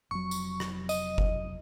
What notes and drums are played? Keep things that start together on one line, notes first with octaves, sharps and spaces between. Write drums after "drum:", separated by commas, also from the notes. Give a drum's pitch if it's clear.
F1 F#3 C#6
drum: tambourine
drum: rim click
D#5, drum: tambourine
drum: kick F#1